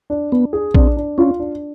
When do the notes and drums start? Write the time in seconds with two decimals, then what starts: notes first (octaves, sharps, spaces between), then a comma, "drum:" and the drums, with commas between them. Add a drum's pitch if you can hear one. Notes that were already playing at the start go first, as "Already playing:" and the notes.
0.10 D4
0.32 B3 D4
0.53 G#4
0.75 C4 D4, drum: kick A#1
0.97 D4
1.18 C#4 F4
1.40 D4